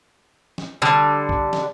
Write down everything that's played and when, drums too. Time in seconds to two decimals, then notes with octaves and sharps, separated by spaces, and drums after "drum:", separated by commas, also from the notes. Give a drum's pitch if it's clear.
0.58 drum: snare
0.82 D3 G3
1.29 drum: kick C2
1.53 drum: snare